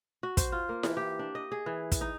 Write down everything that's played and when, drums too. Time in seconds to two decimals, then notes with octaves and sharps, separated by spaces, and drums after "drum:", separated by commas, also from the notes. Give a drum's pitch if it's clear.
0.23 F#4
0.37 C5, drum: kick, hi-hat
0.52 F4
0.69 A#3
0.83 E3, drum: snare E4
0.97 G4
1.19 D4
1.35 D#5
1.52 G#4
1.66 E3
1.92 drum: kick, hi-hat
2.01 D#4